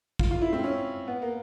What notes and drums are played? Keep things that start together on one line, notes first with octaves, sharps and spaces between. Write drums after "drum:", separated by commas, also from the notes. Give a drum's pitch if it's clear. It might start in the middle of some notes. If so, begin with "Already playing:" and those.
F4, drum: kick
F4
E4
C4
C#4
B3
A#3